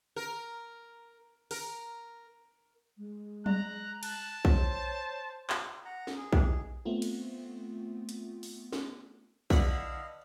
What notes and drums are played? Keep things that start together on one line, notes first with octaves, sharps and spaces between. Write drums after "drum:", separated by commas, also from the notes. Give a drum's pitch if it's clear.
A#4
A#4, drum: open hi-hat
G#3
A#5 F#6, drum: tom F#3
A5 F#6, drum: cymbal
C5 C#5, drum: kick
drum: clap
F#5 A#5
drum: snare
G#4
E3 G#3 G4, drum: kick
A3 B3 C4 F4
drum: cymbal
drum: hi-hat
drum: open hi-hat
drum: snare
D3 E4 B4 D5 D#5 F5 F#5, drum: kick